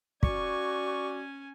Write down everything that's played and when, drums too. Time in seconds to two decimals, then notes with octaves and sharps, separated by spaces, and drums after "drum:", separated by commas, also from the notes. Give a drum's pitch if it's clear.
0.23 C#4 F#4 D5 G#5 C#6, drum: kick